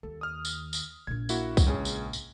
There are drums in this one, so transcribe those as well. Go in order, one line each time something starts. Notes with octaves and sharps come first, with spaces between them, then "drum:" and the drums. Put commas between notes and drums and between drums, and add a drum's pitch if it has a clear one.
D#2 A4
D#6 F6
drum: tambourine
drum: tambourine
A#1 A#2 G#6
A#3 E4 F#4, drum: tambourine
drum: kick, tambourine
C#2 C#4 G#4
drum: tambourine
drum: tambourine